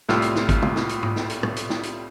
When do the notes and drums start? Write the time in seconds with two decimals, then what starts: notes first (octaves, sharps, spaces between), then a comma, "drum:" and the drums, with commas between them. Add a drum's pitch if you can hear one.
0.09 C2 A2 G3 F4 E6 F6, drum: snare
0.22 drum: hi-hat
0.35 drum: snare
0.49 drum: kick, hi-hat
0.62 drum: tom
0.76 drum: snare
0.89 drum: hi-hat
1.03 drum: tom
1.16 drum: snare
1.30 drum: hi-hat
1.43 drum: tom
1.56 drum: hi-hat
1.70 drum: snare
1.83 drum: hi-hat